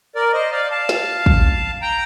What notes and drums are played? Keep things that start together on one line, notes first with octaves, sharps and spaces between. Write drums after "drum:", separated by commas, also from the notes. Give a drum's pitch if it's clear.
A#4 D5
C5 D#5
D5 F5
F5 A5
drum: snare
drum: kick
G5 A#5